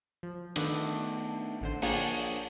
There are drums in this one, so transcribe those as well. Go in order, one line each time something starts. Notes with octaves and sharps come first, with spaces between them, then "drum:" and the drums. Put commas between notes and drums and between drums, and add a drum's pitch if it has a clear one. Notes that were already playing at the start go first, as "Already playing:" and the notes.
F3
D#3 A3 B3 D4, drum: cymbal
A1 D3 C5
F3 A#3 D4 G#4 C#5, drum: open hi-hat